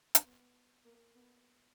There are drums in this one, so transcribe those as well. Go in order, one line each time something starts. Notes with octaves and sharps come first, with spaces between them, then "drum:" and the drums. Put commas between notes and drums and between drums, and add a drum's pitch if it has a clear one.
drum: hi-hat
B3
A#3
B3